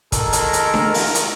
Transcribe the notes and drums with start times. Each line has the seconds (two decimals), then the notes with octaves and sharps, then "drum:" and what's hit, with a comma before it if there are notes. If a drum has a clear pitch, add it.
0.12 D#3 G#3 A4 A#4, drum: kick, hi-hat
0.33 drum: hi-hat
0.53 drum: hi-hat
0.74 drum: snare D4
0.94 drum: open hi-hat
1.15 drum: hi-hat